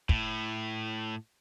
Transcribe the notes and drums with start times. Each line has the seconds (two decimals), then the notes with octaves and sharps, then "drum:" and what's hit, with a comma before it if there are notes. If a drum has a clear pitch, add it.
0.09 A2, drum: kick